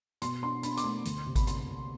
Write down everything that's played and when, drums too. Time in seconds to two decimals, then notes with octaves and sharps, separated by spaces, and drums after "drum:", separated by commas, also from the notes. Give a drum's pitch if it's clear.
0.22 B2 C6, drum: hi-hat
0.43 D4 C6
0.63 D4 B5, drum: hi-hat
0.77 D6, drum: hi-hat
0.84 A3 C6
1.05 D2, drum: hi-hat
1.26 C3
1.36 B5, drum: kick G#1, hi-hat
1.47 C3 C6, drum: hi-hat
1.67 C3